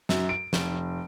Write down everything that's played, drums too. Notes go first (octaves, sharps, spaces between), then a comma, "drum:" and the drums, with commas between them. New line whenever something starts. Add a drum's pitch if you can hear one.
F#2, drum: snare
D7
F1, drum: snare